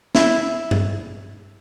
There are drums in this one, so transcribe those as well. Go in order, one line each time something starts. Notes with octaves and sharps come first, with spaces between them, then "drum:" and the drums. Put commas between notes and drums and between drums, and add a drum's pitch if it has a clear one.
E4, drum: snare
drum: tom G2